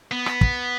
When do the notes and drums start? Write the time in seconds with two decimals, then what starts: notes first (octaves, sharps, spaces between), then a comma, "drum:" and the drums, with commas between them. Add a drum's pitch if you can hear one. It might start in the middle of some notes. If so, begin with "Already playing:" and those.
0.11 B3
0.26 drum: rim click
0.41 drum: kick